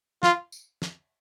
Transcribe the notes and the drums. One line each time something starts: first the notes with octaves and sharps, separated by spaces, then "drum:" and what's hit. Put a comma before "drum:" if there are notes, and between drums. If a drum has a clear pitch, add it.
F4, drum: snare
drum: tambourine
drum: snare